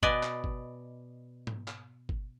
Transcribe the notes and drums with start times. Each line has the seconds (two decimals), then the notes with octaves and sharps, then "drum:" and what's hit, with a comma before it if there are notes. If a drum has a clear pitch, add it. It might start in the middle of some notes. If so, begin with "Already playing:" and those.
0.03 B2 B4 D5 D#5 G#5, drum: kick G1
0.23 drum: clap
0.44 drum: kick G1
1.47 drum: tom G#2
1.68 drum: clap
2.09 drum: kick G1